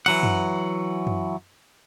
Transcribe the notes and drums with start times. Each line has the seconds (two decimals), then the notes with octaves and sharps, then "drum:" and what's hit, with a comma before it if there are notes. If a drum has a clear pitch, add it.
0.06 E3 F#3 F#5, drum: cymbal
0.23 drum: tom F#2
1.07 drum: tom F#2